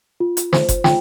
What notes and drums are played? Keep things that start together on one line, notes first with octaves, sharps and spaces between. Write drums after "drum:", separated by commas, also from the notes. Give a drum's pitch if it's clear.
F4
drum: hi-hat
C5, drum: snare
drum: kick F#1, hi-hat
F4 G5, drum: snare